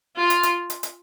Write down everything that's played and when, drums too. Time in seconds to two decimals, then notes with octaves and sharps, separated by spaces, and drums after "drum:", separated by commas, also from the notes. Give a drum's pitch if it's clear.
0.17 F4
0.30 drum: hi-hat
0.43 drum: hi-hat
0.70 drum: hi-hat
0.83 drum: hi-hat